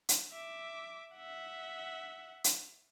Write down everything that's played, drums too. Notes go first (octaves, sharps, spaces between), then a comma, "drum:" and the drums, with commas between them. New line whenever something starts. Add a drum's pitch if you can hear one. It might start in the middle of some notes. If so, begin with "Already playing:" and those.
drum: hi-hat
E5 D6
E5 F#5
drum: hi-hat